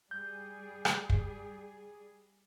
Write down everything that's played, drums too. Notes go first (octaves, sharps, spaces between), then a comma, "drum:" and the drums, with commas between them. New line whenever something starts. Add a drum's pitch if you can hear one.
G3 G#4 G6
drum: rim click
drum: kick